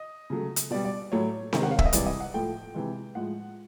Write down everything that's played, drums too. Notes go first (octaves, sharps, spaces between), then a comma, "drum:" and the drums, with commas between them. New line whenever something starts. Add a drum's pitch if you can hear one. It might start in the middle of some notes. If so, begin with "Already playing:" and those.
Already playing: D#5
C#3 F#3 A3
drum: hi-hat
B2 G3 D5
D5
A2 F#3 A3 C#5
C3 D#3 G#3, drum: snare C4
F#5
F5
E5, drum: kick
D#5
C3 E3 G3 D5, drum: hi-hat
D#5
F#5
A2 F3 A3 G5
C3 E3 G#3
A2 F3 G#3 F#5